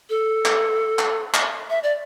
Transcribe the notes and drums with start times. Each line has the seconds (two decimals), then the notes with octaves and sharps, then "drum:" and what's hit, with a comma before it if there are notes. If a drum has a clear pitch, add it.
0.10 A4
0.45 drum: clap
0.99 drum: clap
1.34 drum: clap
1.70 E5
1.83 D5